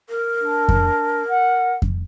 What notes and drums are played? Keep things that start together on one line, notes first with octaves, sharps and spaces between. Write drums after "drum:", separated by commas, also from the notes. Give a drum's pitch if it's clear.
A#4
D4
drum: kick F2
F#5
drum: kick F2